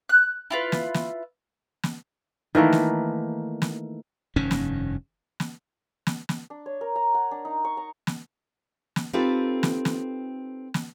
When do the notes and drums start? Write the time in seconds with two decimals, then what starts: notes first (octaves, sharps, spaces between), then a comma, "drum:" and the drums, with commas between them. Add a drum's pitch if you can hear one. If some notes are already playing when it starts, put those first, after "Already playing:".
0.09 F#6
0.50 E4 F4 B4
0.72 drum: snare
0.94 drum: snare
1.83 drum: snare
2.55 D#3 E3 A3 A#3
2.73 drum: snare
3.62 drum: snare
4.36 F1 G2 D#3 C#4
4.51 drum: snare
5.40 drum: snare
6.07 drum: snare
6.29 drum: snare
6.50 D4
6.66 C#5
6.81 A#4
6.96 A#5
7.14 F#5
7.31 D4
7.45 D#4
7.65 C#6
7.77 A#5
8.07 drum: snare
8.96 drum: snare
9.13 C4 D#4 F4 G4 A4 B4
9.63 drum: snare
9.85 drum: snare
10.74 drum: snare